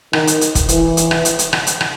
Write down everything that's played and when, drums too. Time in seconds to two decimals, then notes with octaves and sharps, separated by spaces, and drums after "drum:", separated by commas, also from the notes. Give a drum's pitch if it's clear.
0.13 D#3, drum: rim click
0.27 drum: hi-hat
0.41 drum: hi-hat
0.55 drum: kick E1, hi-hat
0.69 E3, drum: hi-hat
0.97 drum: hi-hat
1.11 drum: rim click
1.25 drum: hi-hat
1.39 drum: hi-hat
1.53 drum: rim click
1.67 drum: hi-hat
1.81 drum: rim click